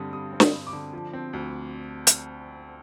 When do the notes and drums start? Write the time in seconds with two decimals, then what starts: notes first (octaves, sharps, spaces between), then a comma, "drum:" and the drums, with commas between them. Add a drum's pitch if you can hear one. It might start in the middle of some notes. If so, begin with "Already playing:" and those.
Already playing: G2 D3 G3 C4 D#6
0.12 G3 D#6
0.32 C4
0.40 D#6, drum: snare
0.53 G2
0.67 D6
0.73 D3
0.93 F3
1.13 C4
1.33 D2
2.07 drum: hi-hat